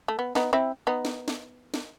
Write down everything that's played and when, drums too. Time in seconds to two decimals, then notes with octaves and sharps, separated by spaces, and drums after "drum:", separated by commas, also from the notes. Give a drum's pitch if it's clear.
0.08 A3
0.19 B3
0.35 B3 D#4, drum: snare
0.53 C4 E4
0.87 B3 D#4
1.05 drum: snare
1.28 drum: snare
1.74 drum: snare